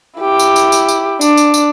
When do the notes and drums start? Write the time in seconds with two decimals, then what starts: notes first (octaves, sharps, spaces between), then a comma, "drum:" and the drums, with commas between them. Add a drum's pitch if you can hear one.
0.19 E4 G4
0.39 drum: tambourine
0.56 drum: tambourine
0.72 drum: tambourine
0.88 drum: tambourine
1.21 D4, drum: tambourine
1.37 drum: tambourine
1.54 drum: tambourine